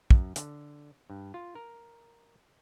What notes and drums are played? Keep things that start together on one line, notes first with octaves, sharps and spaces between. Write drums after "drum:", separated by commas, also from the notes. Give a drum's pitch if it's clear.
F#2, drum: kick
D3, drum: hi-hat
G2
F4
A#4